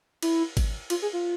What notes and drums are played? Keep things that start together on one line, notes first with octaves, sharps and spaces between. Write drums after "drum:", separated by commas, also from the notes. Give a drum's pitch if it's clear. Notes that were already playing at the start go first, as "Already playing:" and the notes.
E4, drum: cymbal
drum: kick G#1, cymbal
F4, drum: cymbal
G#4
F4